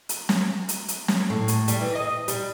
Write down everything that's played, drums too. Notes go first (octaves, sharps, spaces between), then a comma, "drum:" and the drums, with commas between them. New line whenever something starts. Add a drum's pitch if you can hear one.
drum: hi-hat
drum: snare
drum: hi-hat
drum: hi-hat
drum: snare
A2
drum: hi-hat
G3, drum: hi-hat
E3
D#5
G3, drum: hi-hat